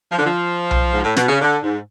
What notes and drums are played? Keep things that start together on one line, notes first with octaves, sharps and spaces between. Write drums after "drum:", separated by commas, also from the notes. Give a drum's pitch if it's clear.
F3
D3
F3
drum: tom B1
G#2
A2
B2, drum: snare
C#3
D3
G#2